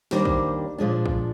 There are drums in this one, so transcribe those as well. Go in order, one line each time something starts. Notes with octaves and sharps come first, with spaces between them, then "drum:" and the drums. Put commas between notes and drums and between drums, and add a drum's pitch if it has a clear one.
D#2 D#3 G3 A#3 D4 C5, drum: snare
drum: kick
A#2 F3 G#3 D4
drum: kick